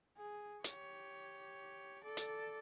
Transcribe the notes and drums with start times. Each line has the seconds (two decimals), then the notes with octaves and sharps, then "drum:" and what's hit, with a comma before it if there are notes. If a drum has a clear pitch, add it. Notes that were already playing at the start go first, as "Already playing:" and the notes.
0.18 G#4
0.64 G4 C#5, drum: hi-hat
2.03 A4 D5
2.17 drum: hi-hat